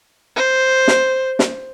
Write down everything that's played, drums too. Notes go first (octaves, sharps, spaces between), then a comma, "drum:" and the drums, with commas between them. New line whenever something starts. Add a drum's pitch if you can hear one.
C5
drum: snare
drum: snare